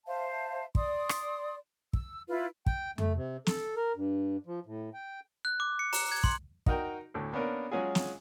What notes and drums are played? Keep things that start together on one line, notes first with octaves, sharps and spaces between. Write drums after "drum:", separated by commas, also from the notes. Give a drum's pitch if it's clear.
C5 E5 F5 A5
D5 C6 D#6, drum: kick
drum: rim click
E6, drum: kick
E4 F4 B4
G5, drum: kick
A3, drum: tom F2
C3
A4, drum: snare
A#4
G2
F3
A2
G5
F#6
D6
C#7
A#5, drum: open hi-hat
G#6
C6, drum: kick
D#4 F#4 A#4 G5, drum: kick
D2 A2 D3
A#3 B3 C#4 D4 A#4
F#3 G#3 C#4 F4 F#4 G#4
drum: snare